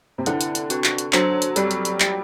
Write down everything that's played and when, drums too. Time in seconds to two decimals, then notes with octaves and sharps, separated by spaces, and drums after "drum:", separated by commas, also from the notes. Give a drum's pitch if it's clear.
0.18 C3
0.26 D3 E4 B4 F#5, drum: hi-hat
0.41 drum: hi-hat
0.55 drum: hi-hat
0.70 C4 F#4 B4, drum: hi-hat
0.84 drum: clap
0.98 drum: hi-hat
1.13 F#3 D4 A4 C5, drum: clap
1.42 drum: hi-hat
1.56 G3 C4 F#4 A4, drum: hi-hat
1.71 drum: hi-hat
1.85 drum: hi-hat
2.00 G4 D5 G5, drum: clap